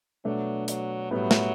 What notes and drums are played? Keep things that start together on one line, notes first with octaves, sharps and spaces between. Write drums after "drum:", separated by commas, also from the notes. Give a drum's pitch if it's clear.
B2 F#3 A3 D4
F#3, drum: hi-hat
A2 F#3 G3 B3 E4
drum: snare